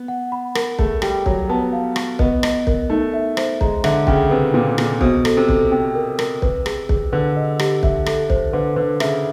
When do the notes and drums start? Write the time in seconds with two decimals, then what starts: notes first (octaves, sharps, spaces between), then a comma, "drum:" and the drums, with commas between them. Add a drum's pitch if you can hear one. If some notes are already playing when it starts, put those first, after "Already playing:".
Already playing: B3
0.08 F#5
0.32 B5
0.55 A#4, drum: rim click
0.79 A3 G#4, drum: kick
1.02 G3 G5, drum: rim click
1.26 F#3 C#5, drum: kick
1.49 B3 A5
1.73 F5
1.96 C#6, drum: rim click
2.19 B3 D#5, drum: kick
2.43 D#5, drum: rim click
2.67 A#4, drum: kick
2.90 A3 D#4
3.14 E5
3.37 C5, drum: rim click
3.61 G#3 A#5, drum: kick
3.84 D3 E5, drum: rim click
4.07 C#3 G5, drum: kick
4.31 C3 B4
4.54 A#2 B4
4.78 A#2 G#4, drum: rim click
5.01 B2 C5, drum: kick
5.25 A4, drum: rim click
5.37 C3
5.49 A4, drum: kick
5.72 C3 G5
5.95 A#4
6.19 A#4, drum: rim click
6.42 B4, drum: kick
6.66 G#4, drum: rim click
6.89 G#4, drum: kick
7.12 D3 B4
7.36 D#5
7.59 G4, drum: rim click
7.83 E5, drum: kick
8.06 A4, drum: rim click
8.30 C5, drum: kick
8.53 D3 B4
8.76 D3 B4
9.00 C#3 E5, drum: rim click